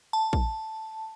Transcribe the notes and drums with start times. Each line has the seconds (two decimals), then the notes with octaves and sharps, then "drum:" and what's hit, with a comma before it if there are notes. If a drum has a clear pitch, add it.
0.13 A5
0.33 drum: kick